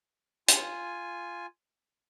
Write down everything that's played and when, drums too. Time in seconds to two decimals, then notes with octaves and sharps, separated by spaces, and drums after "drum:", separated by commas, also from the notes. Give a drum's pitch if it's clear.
0.48 F4 G#5, drum: hi-hat